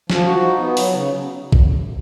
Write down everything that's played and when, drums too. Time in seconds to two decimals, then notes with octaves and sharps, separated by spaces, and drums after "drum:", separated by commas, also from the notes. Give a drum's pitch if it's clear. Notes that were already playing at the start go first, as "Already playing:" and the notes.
0.10 F3, drum: snare
0.26 F#4
0.42 D#4
0.59 B3
0.77 F#3, drum: open hi-hat
0.93 C#3
1.52 drum: kick A#1